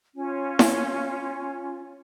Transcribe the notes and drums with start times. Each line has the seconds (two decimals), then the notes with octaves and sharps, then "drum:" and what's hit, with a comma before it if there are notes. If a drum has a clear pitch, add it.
0.14 C#4 F4
0.59 drum: snare E4